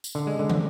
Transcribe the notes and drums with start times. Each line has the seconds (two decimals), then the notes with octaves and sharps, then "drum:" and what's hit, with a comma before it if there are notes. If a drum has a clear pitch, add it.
0.04 drum: tambourine
0.15 D3
0.27 G#3
0.39 D3
0.50 drum: tom